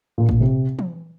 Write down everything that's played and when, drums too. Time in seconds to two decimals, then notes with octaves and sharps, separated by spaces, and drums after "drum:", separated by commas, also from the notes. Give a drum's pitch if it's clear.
0.18 A#2
0.29 A#2, drum: kick
0.40 C3
0.79 drum: tom E3